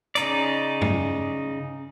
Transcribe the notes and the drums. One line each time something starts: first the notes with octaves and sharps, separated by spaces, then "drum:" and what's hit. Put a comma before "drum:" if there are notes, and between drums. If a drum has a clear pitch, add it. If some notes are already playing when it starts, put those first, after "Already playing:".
C#3 D#4 D5, drum: hi-hat
drum: tom G2